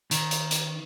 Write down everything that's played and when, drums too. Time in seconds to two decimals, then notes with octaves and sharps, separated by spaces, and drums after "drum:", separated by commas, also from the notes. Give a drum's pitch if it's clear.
0.11 D#3, drum: hi-hat
0.31 drum: hi-hat
0.51 drum: hi-hat